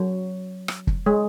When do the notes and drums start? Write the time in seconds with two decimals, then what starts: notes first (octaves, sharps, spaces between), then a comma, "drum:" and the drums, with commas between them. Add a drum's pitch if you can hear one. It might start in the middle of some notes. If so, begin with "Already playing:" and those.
Already playing: F#3
0.68 drum: rim click
0.87 drum: kick
1.06 G#3